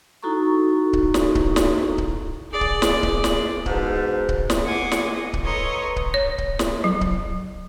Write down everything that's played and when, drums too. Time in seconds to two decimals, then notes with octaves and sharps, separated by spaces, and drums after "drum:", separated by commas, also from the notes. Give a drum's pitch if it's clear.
0.23 D#4 E4 F#4 A4 A#5 C#6
0.93 drum: kick C#1
1.14 drum: snare
1.35 drum: kick C#1
1.56 drum: snare
1.98 drum: kick C#1
2.51 G#4 D5
2.61 drum: kick C#1
2.82 drum: snare
3.03 drum: kick C#1
3.24 drum: snare
3.66 G#2 B2, drum: kick C#1
4.29 drum: kick C#1
4.50 drum: snare
4.66 F#5 G#5 C6 D6
4.92 drum: snare
5.13 D#5
5.33 drum: kick C#1
5.44 A4 B4 C#5 D#5 A#5 C6
5.96 drum: kick C#1
6.14 C#5
6.38 drum: kick C#1
6.59 drum: snare
6.84 F#3
7.01 drum: kick C#1